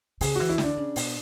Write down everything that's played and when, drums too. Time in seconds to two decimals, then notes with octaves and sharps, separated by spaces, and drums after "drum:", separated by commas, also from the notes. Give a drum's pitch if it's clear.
0.21 C#3 G#4, drum: open hi-hat
0.36 E3 F#4
0.49 E4
0.58 D3 D4, drum: snare
0.77 C#3
0.96 B2, drum: open hi-hat